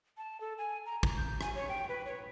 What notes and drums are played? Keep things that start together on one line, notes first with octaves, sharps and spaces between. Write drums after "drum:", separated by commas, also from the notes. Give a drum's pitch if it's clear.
A5
A4
G#5
A#5
A#5, drum: kick
G6
G#5, drum: rim click
C#5
G5
B4
C#5